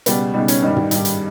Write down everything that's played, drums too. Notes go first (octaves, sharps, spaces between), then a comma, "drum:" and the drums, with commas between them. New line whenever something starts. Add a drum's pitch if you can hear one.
C#2 B2 G3 B3, drum: hi-hat
C#2 B2 G3 D#4
C#4, drum: hi-hat
G2 D#3 G3 D#4
drum: tom
G2 D#3 G3, drum: hi-hat
drum: hi-hat